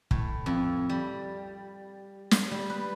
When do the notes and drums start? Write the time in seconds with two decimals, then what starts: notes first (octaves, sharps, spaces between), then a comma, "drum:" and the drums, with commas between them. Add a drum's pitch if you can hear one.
0.11 A2, drum: kick
0.46 F2
0.90 G3
2.31 drum: snare
2.51 G3
2.70 B4